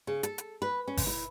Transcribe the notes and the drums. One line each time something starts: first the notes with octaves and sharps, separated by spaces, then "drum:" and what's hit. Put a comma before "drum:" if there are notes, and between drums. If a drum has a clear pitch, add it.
C#3
A4, drum: hi-hat
drum: hi-hat
B4
C#4
drum: kick G#1, open hi-hat
E4